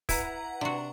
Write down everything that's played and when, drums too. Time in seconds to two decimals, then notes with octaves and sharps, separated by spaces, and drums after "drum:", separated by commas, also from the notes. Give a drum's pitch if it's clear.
0.09 E4 B4 F#5 A#5, drum: kick, open hi-hat
0.61 C3 D4 F#4